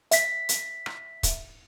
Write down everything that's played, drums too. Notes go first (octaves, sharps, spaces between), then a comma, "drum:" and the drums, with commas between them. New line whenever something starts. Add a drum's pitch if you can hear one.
E5 B6, drum: hi-hat
drum: hi-hat
drum: rim click
drum: kick, hi-hat